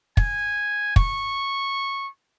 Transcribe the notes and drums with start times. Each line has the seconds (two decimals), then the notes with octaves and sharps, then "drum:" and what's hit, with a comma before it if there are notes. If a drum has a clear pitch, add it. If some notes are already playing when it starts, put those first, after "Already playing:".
0.17 G#5, drum: kick
0.96 C#6, drum: kick